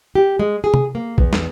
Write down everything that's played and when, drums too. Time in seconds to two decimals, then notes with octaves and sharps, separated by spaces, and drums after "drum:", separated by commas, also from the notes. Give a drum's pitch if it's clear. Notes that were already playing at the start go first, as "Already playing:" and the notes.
0.15 G4
0.39 G#3
0.64 G#4
0.74 drum: tom
0.95 A#3
1.18 E2, drum: kick
1.33 drum: snare